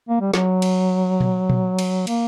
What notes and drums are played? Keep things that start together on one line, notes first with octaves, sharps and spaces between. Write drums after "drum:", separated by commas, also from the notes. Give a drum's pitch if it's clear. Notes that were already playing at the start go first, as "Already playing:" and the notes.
A#3
G3
F#3, drum: snare
drum: cymbal
drum: tom A#2
drum: tom A#2
drum: cymbal
A#3, drum: cymbal